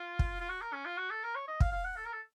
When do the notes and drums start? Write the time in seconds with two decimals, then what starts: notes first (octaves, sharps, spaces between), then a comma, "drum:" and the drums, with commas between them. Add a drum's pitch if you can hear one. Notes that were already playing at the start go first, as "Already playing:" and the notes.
Already playing: F4
0.19 drum: kick
0.40 F4
0.49 F#4
0.61 A#4
0.73 C#4
0.86 F4
0.98 F#4
1.10 A4
1.23 A#4
1.35 C#5
1.48 D#5
1.60 F5, drum: kick
1.72 F5
1.84 F#5
1.96 A4
2.05 A#4
2.12 A4